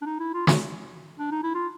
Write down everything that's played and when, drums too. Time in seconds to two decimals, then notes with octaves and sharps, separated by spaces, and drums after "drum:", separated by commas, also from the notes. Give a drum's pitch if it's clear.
0.02 D4
0.06 D#4
0.20 E4
0.34 F4
0.47 F#4, drum: snare
1.19 D4
1.31 D#4
1.43 E4
1.55 F4